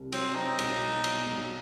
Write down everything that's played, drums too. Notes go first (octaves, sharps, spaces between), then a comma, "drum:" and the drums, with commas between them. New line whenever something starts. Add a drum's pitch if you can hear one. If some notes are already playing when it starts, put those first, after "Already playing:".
Already playing: C2 C3
F#3 C4, drum: cymbal
C4 D#4
B1, drum: cymbal
B2
F#3, drum: cymbal
B1